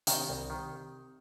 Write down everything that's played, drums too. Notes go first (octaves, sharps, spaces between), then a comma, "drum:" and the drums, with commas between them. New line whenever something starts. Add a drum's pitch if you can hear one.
C3 D#3, drum: hi-hat
C2
D#3